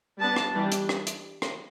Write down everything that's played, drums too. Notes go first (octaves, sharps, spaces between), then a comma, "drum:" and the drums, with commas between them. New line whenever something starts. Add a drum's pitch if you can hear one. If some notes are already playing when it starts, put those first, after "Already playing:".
G3 B3 D4 A5
drum: rim click
E3 G3 D4
drum: hi-hat
drum: rim click
drum: hi-hat
drum: rim click